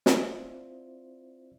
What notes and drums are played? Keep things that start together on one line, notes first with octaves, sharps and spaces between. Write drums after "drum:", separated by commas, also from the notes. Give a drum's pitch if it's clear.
C4 E4 F4 C5 D5 E5, drum: snare